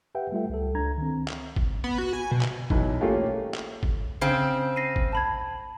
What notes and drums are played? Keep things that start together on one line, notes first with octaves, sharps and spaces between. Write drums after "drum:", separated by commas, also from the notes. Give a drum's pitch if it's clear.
G4 B4 E5 F#5 G5
G3 A3 F4 A4 E5
C#2 A4
C#2 D4 A#5 G#6
D#3 C4
drum: clap
drum: kick
B3
F#4
G#5
B2
drum: clap
B1 B2 E3 F#3, drum: kick
A3 A#3 C#4 F4 G4 G#4
drum: clap
drum: kick
C#3 C4
A#6 C7 D#7
drum: kick
A5 B5 G#6